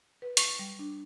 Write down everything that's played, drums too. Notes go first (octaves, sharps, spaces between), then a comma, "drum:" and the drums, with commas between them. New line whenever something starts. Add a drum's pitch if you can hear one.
B4
C#6, drum: hi-hat
G3
D4